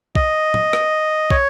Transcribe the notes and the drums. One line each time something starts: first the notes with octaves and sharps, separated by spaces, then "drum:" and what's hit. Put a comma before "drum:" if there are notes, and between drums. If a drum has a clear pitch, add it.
D#5, drum: kick
drum: tom A2
drum: rim click
C#5, drum: kick